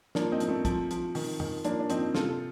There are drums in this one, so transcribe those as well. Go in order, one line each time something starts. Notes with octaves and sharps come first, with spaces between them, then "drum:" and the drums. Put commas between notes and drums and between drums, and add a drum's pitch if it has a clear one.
F3 A#3 D4, drum: snare
C4 D#4
F3, drum: hi-hat
A3 C4
F3, drum: kick, hi-hat
F3, drum: hi-hat
D#3, drum: open hi-hat
D#3, drum: tom
F3 A#3 D4, drum: hi-hat
D4
F3 C4 D#4, drum: hi-hat
C3 F4 A4, drum: snare
A4